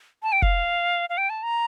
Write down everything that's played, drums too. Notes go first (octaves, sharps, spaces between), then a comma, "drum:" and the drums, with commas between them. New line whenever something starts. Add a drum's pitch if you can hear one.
A5
G5
F5, drum: kick F1
F5
G5
A5
A#5